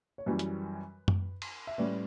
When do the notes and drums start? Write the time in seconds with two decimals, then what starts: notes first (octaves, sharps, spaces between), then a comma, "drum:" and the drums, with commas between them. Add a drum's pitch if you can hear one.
0.18 C#5
0.26 F#2 E3 G3 C#4 B4
0.39 drum: hi-hat
1.08 drum: tom F#2
1.42 drum: cymbal
1.67 E5
1.78 A2 G3 C#4 B4 D5